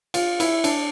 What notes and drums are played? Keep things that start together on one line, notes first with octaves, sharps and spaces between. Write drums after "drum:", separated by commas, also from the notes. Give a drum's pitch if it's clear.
F4, drum: cymbal
E4, drum: cymbal
D4, drum: cymbal